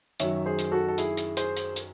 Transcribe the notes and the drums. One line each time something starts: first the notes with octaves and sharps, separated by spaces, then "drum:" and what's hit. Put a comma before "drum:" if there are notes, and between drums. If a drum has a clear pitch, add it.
F#2 D#3 F#3 C#5 E5, drum: hi-hat
G#4 C5
drum: hi-hat
F#4 A4
A4
E4 G#4, drum: hi-hat
drum: hi-hat
G#4 C5, drum: hi-hat
drum: hi-hat
drum: hi-hat